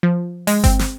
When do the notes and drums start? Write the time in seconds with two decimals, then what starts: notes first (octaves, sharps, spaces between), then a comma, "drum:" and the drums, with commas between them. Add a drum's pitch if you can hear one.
0.03 F3
0.47 G#3, drum: open hi-hat
0.64 C4, drum: kick G1, hi-hat
0.79 drum: snare